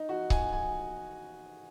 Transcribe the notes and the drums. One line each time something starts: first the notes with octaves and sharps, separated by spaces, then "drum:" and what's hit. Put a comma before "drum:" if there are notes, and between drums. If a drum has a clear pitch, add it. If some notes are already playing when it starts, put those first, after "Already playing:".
Already playing: D#4
F#4
G#5, drum: kick C#1
G#5